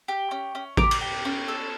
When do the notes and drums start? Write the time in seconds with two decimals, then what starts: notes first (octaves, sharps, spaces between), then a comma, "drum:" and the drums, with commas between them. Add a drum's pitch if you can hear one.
0.08 G4
0.31 C#4
0.55 C#4
0.77 G4 A#5 D6, drum: kick A1
0.91 drum: cymbal
1.01 G4
1.25 C#4
1.48 A4